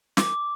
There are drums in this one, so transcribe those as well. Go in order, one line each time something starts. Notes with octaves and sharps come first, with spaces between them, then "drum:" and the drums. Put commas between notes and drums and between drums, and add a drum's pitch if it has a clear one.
D6, drum: snare